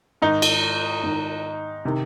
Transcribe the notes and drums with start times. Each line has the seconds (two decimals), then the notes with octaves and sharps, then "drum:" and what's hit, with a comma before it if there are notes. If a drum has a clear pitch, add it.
0.22 G#2 D#3 D#4
0.42 drum: cymbal
1.03 G#2 D#3
1.85 C3 D#3